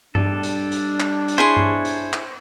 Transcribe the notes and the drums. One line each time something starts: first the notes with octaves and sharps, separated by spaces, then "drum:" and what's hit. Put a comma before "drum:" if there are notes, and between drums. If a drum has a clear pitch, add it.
G3 D4 A4, drum: tom G2
drum: hi-hat
drum: hi-hat
drum: clap
drum: hi-hat
E4 G#4 C5 C#5 C6
drum: tom G2
drum: hi-hat
drum: clap